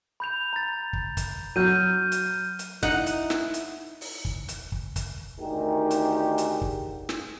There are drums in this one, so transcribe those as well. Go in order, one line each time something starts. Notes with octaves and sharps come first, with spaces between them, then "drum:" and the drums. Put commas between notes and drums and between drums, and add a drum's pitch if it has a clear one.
B5 G6 F7
A#5 A6
drum: kick
drum: kick, hi-hat
F#3 F6 G6 D#7
drum: hi-hat
drum: hi-hat
D#4 E4 F#5, drum: kick
drum: hi-hat
drum: snare
drum: hi-hat
drum: open hi-hat
drum: kick
drum: hi-hat
drum: kick
drum: kick, hi-hat
D2 D#3 D#4 G4 G#4 A#4
drum: hi-hat
drum: hi-hat
drum: kick
drum: snare